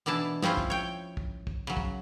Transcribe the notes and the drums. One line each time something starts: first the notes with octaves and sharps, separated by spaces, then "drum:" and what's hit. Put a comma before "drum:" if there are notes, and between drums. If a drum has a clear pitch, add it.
B2 E3 D4 E4 A5
F3 C4 C#4 E4 F4, drum: snare
drum: kick
C#5 G5
drum: kick
drum: kick
C#3 F#3
drum: kick